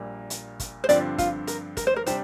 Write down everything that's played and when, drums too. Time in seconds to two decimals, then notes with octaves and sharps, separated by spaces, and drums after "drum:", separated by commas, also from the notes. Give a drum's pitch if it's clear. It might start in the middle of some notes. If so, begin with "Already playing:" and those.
Already playing: A#1 A#2 G3 A#3
0.30 drum: hi-hat
0.60 drum: kick, hi-hat
0.84 C5
0.89 G2 D3 F3 C4 G4 D5, drum: hi-hat
1.18 F4, drum: kick, hi-hat
1.47 A#4, drum: hi-hat
1.77 A#4, drum: kick, hi-hat
1.87 C5
1.96 A#4
2.06 C3 G3 D4 G4 C5, drum: hi-hat